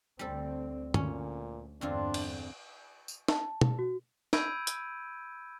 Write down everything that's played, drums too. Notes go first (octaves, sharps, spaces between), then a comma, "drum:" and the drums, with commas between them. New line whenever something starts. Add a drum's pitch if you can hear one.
D2 G3 C4 A4
D2 A#2 C#4, drum: tom
E2 G2 D3 C4 D4 F4
drum: cymbal
drum: tambourine
A5, drum: snare
drum: tom
F#4
B5 E6 G6 G#6 D7 D#7, drum: snare
drum: hi-hat